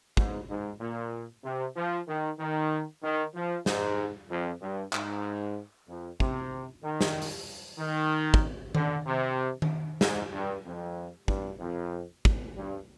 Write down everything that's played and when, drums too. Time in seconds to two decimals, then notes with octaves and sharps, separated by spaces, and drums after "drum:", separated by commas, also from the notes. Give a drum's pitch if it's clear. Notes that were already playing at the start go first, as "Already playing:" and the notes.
0.17 G#2, drum: kick
0.49 G#2
0.81 A#2
1.44 C3
1.77 F3
2.08 D#3
2.39 D#3
3.02 D#3
3.35 F3
3.66 G#2, drum: snare
4.30 F2
4.62 G2
4.93 G#2, drum: clap
5.88 F2
6.20 C3, drum: kick
6.84 D#3
7.01 drum: snare
7.22 drum: open hi-hat
7.79 D#3
8.34 drum: kick
8.75 D3, drum: tom D#3
9.06 C3
9.62 drum: tom D#3
10.01 G#2, drum: snare
10.33 G2
10.65 F2
11.28 G2, drum: kick
11.59 F2
12.25 drum: kick
12.55 G2